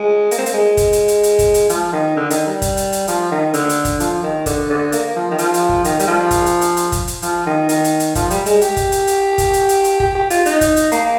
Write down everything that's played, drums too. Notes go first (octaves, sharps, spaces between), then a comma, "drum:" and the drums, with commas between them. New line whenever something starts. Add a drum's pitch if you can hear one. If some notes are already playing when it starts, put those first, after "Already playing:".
Already playing: G#3
A#3, drum: hi-hat
C4
A#3, drum: hi-hat
G#3
drum: kick, hi-hat
drum: hi-hat
drum: hi-hat
drum: hi-hat
drum: kick, hi-hat
drum: hi-hat
F3, drum: hi-hat
D#3
D3
D#3, drum: hi-hat
G3
drum: kick, hi-hat
drum: hi-hat
drum: hi-hat
F3, drum: hi-hat
D#3
D3, drum: hi-hat
drum: hi-hat
drum: kick, hi-hat
F3, drum: hi-hat
D#3
D3, drum: kick, hi-hat
D3
A#3, drum: hi-hat
F3
D#3
F3, drum: hi-hat
drum: hi-hat
drum: kick
D#3, drum: hi-hat
G3, drum: hi-hat
F3
drum: kick, hi-hat
drum: hi-hat
drum: hi-hat
drum: hi-hat
drum: kick, hi-hat
drum: hi-hat
F3, drum: hi-hat
D#3
D#3, drum: hi-hat
drum: hi-hat
drum: hi-hat
F3, drum: kick, hi-hat
G3, drum: hi-hat
G#3, drum: hi-hat
G4, drum: hi-hat
drum: kick, hi-hat
drum: hi-hat
drum: hi-hat
drum: kick, hi-hat
drum: hi-hat
drum: hi-hat
drum: hi-hat
G4, drum: kick
G4
F4, drum: hi-hat
D#4, drum: hi-hat
drum: kick, hi-hat
drum: hi-hat
A#3, drum: hi-hat